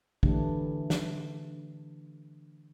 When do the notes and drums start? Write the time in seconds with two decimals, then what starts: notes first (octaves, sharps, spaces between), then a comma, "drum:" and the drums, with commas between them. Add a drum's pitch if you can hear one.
0.23 D3 E3 A3 D4 G4, drum: kick
0.90 drum: snare